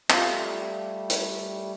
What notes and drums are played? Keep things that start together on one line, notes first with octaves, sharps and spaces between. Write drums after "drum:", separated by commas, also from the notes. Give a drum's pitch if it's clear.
G3 A3 F4 F5, drum: clap
drum: hi-hat